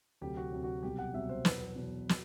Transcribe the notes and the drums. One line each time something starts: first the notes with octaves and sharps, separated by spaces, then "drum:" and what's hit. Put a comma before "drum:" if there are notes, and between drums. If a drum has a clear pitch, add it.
D2 C3 F#3 G4
F#4
D2 C3 F#3
F#4
C2 B2 F#3 G4
F#5
C2 B2 F#3 E5
C5
E2 B2 F#3 B4, drum: snare
E2 B2 F#3
F#3, drum: snare